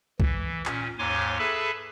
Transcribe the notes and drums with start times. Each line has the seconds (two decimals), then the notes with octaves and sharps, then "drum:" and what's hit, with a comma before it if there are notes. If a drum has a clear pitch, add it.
0.20 E3, drum: kick
0.65 A#2 C#4, drum: clap
0.98 D#2 G#2 C#5 G#5 C6 D6
1.39 G#4 A4 B4 E5 A5 B5